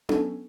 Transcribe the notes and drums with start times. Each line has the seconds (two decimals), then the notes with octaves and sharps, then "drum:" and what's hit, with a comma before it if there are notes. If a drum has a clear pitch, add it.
0.09 B3 D4 A4, drum: tom C#4